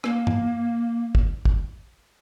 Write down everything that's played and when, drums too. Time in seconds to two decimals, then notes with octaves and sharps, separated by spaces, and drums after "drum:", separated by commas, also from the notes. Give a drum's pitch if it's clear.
0.04 A#3, drum: rim click
0.27 drum: tom G2
1.15 drum: kick
1.45 drum: kick